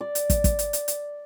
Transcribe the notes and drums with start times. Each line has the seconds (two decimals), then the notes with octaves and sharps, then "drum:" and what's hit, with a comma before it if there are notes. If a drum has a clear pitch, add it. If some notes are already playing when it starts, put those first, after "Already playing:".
0.01 D5
0.15 drum: hi-hat
0.30 drum: kick, hi-hat
0.44 drum: kick, hi-hat
0.59 drum: hi-hat
0.73 drum: hi-hat
0.88 drum: hi-hat